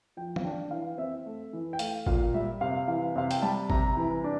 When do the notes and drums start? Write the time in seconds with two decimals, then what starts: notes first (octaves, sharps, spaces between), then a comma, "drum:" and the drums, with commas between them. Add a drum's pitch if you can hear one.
0.17 F3 G5
0.36 F5, drum: tom
0.44 D4 G5
0.71 E3 F5
0.98 C4 E5
1.26 A3
1.53 E3
1.73 G5
1.79 A3 F5, drum: hi-hat
2.06 A#2 F5, drum: kick G1
2.34 G3 E5
2.61 C3 F5
2.88 E3 F5
3.16 C3 F5
3.31 G5, drum: hi-hat
3.42 G3 A5
3.70 C3 A#5, drum: kick G1
3.97 E3
4.24 D4